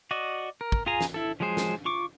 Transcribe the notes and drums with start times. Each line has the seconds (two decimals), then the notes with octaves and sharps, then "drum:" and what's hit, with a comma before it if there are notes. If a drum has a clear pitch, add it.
0.11 F#4 D5 D#5
0.61 A#4
0.72 drum: kick
0.86 F4 G#4 G#5 A#5
1.01 drum: snare
1.14 E4 A4
1.40 F3 F#3 G#3 G#4 C5
1.57 drum: snare
1.85 F4 C#6 D6